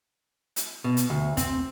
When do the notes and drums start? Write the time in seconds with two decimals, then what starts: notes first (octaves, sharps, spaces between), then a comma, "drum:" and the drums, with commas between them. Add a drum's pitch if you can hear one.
0.56 drum: hi-hat
0.84 B2
0.97 drum: hi-hat
1.10 D2
1.37 C4, drum: kick, hi-hat